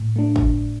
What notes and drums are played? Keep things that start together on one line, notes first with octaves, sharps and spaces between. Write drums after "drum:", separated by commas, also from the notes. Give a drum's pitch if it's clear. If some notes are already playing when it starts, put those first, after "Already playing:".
Already playing: A2
A3 D4
drum: kick